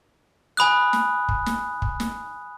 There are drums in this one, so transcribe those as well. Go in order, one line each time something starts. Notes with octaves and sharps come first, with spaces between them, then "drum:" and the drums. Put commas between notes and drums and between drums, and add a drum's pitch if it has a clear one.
G#5 B5 D#6 F#6
drum: snare
drum: kick
drum: snare
drum: kick
drum: snare